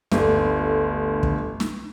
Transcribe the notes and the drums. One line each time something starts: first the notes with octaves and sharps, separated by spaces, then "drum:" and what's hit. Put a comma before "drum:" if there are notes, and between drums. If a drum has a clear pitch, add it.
G1 D2, drum: snare
drum: kick
drum: snare